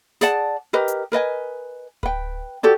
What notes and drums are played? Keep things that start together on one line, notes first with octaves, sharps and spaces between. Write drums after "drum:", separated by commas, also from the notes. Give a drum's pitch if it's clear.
G#4 D5 F#5 A5, drum: snare
G4 A#4 B4 D#5
drum: hi-hat
A#4 B4 D#5 G#5
B4 G5, drum: kick D1
F#4 G4 A4 D5